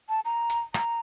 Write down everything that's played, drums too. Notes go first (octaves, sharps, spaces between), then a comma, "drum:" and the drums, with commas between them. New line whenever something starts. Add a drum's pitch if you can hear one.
A5
A#5
drum: hi-hat
A#5, drum: rim click